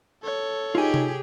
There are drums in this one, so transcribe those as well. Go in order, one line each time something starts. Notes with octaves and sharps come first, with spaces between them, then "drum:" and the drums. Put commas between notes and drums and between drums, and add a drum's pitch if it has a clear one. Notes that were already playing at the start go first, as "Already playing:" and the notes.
A4 C#5
D#4 F4 G4 G#4 G#5
drum: tom C3